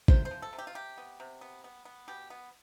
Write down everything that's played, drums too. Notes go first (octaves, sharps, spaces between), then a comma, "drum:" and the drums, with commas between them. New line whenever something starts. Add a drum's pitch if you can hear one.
C3 C5, drum: kick
C5
F3
A4
C3
G4
F4
C3 G4
B3
C3
B3
B3
B3
B2 G4
B3